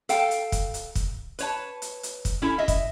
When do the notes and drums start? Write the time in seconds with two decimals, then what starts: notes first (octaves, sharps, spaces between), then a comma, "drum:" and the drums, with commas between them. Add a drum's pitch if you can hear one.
0.09 A4 F5 G5, drum: hi-hat
0.31 drum: hi-hat
0.52 drum: kick, hi-hat
0.74 drum: hi-hat
0.95 drum: kick, hi-hat
1.39 B4 C#5 A5, drum: hi-hat
1.82 drum: hi-hat
2.03 drum: hi-hat
2.25 drum: kick, hi-hat
2.42 C#4 E4 A4
2.58 D#5 E5
2.68 drum: kick, hi-hat